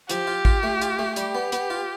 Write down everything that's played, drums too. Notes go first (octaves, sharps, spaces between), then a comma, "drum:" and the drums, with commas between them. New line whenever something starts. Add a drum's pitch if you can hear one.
F3 G4, drum: hi-hat
F4
F4, drum: kick A1
A3
F4, drum: hi-hat
A3
G3 G4, drum: hi-hat
B3
B3, drum: hi-hat
F4